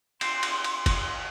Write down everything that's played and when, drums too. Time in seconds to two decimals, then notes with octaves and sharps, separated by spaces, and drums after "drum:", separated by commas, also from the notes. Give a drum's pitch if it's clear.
0.21 C4 C6, drum: cymbal
0.43 drum: cymbal
0.64 drum: cymbal
0.86 drum: kick, cymbal